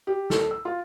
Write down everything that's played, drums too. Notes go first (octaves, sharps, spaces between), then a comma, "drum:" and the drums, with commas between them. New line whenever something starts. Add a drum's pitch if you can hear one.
G4
A4, drum: snare
E6
F4